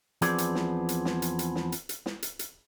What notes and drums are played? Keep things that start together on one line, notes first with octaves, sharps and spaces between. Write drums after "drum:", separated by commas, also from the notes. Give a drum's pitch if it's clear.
E2 F3 B3 C4 G#4 D5, drum: hi-hat
drum: hi-hat
drum: snare
drum: hi-hat
drum: snare
drum: hi-hat
drum: hi-hat
drum: snare
drum: hi-hat
drum: hi-hat
drum: snare
drum: hi-hat
drum: hi-hat